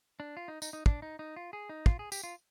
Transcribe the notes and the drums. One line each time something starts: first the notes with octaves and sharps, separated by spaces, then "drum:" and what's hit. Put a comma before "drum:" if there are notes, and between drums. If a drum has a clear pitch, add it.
D4
F4
D#4
D#4, drum: tambourine
D#4
D4, drum: kick
D#4
D#4
F4
G#4
D#4
F4, drum: kick
G#4
G4, drum: tambourine
F4